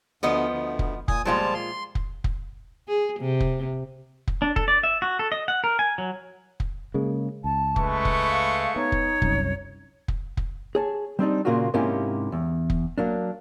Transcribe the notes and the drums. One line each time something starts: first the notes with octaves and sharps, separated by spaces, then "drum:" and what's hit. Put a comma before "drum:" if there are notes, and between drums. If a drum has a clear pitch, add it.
D2 F3 B3 D#5
D2
drum: kick
A#2 G#5 D#6, drum: kick
A#2 F3 G3 G#3 F4 A5
C6
drum: kick
drum: kick
G#4
C3
drum: kick
drum: kick
D4
A4, drum: kick
D5
E5
F#4
A4
D#5
F#5
A#4
G#5
F#3
drum: kick
C#3 G#3 A#3
C#2 A5
G#3 A3 B4 C#6, drum: kick
drum: kick
F5
B3 D#4 C#5
drum: kick
C2 F#2, drum: kick
drum: kick
drum: kick
G#4 C#5 A5
G3 C4 D4 D#4
A#2 C#3 A#3 F4 F#4
G#2 C3 A#3 C#4 E4 G4
E2
drum: kick
F#3 A#3 D4